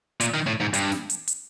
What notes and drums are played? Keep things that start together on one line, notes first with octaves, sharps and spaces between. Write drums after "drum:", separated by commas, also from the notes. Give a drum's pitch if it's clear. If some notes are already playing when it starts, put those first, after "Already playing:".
A#2, drum: hi-hat
D#3
A2
G#2
G2, drum: hi-hat
drum: snare
drum: hi-hat
drum: hi-hat